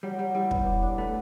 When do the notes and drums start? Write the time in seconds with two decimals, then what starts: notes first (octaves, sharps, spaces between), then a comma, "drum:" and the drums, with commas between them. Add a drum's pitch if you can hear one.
0.03 F#3 G3
0.19 F#3 G3
0.35 G3 E4
0.51 B3, drum: kick
0.66 D5
0.83 D4
0.98 A3 B4